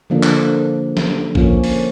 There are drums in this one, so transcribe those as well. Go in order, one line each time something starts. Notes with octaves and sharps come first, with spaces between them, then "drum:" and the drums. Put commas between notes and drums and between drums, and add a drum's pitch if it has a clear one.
D3 F3 A#3 D4
drum: clap
drum: snare
F3 A#3 C#4, drum: kick A#1
drum: open hi-hat